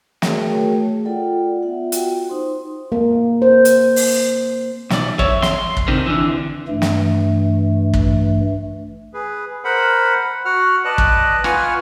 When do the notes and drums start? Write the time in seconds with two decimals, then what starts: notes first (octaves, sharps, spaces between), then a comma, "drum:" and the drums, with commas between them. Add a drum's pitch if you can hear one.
0.22 A3 F#4 G#4 A#4 C#5 G5, drum: snare
0.73 A3
1.05 F4 A4 D5 F#5 G5
1.62 B3 F4 E5 F#5
1.92 F4 F#4 G5, drum: hi-hat
2.29 D#4 C5 C6
2.92 A#3
3.42 C5
3.65 drum: hi-hat
3.96 drum: open hi-hat
4.90 B1 D5, drum: snare
5.19 C#5 E5, drum: kick
5.42 C6, drum: snare
5.77 drum: kick
5.88 C3 D#3
6.07 D3 E3
6.68 G2 E3 A3
6.82 drum: snare
7.94 drum: kick
9.14 G#4 B4
9.64 A#4 C5 F#5 B5
10.45 F#4 F#5 F6
10.85 B4 D5 D#5 A5 F#6
10.98 drum: kick
11.44 F4 B4 F#5 G#5 C#6 F6, drum: rim click